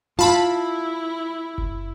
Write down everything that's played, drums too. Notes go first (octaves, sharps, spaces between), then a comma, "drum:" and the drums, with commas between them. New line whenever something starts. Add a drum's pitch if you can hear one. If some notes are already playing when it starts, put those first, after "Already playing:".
E4 F4 A5 B5
drum: kick F#1